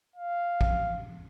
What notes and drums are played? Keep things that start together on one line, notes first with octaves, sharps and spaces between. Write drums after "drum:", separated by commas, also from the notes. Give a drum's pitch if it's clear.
F5
drum: kick